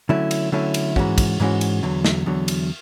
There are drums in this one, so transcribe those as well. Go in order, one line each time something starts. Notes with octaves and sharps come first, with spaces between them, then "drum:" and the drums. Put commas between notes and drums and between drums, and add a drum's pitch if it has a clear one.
D3 F#3 A3 C#4 E4
drum: cymbal
D3 F#3 A3 C#4 E4
drum: cymbal
G#2 E3 G#3 C#4 F#4, drum: kick
drum: kick, cymbal
G#2 E3 G#3 C#4 F#4
drum: cymbal
E2 D3 F#3
drum: snare
E2 D3 F#3
drum: cymbal